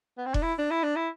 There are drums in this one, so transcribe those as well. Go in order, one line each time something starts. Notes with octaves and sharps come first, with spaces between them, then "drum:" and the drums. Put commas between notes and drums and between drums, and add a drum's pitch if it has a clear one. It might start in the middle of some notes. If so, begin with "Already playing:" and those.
B3
C4
D4, drum: kick E1
E4
D4
E4
D4
E4